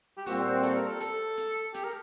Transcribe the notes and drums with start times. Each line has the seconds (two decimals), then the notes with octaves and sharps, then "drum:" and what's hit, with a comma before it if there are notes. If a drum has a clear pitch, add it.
0.17 G4
0.26 A#2 G3 C4 F#4, drum: open hi-hat
0.63 A4, drum: hi-hat
0.75 A#4
0.88 A4
1.00 A4, drum: hi-hat
1.37 drum: hi-hat
1.74 G4, drum: hi-hat
1.84 A#4